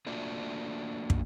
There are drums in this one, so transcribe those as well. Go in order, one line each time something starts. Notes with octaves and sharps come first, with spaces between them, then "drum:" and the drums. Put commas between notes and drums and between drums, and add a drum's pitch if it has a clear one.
A3 A#3 D4 F4 F#4
drum: kick